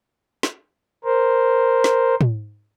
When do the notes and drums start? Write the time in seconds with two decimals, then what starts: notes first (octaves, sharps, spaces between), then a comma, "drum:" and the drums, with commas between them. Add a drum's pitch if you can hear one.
0.43 drum: snare
1.05 A#4 C5
1.84 drum: snare
2.21 drum: tom